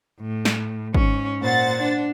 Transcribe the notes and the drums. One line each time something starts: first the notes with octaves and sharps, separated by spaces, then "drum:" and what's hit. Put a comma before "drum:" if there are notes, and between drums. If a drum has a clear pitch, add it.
A2
drum: snare
G#2 C#4, drum: kick
A#2 C5 F#5 A6
D4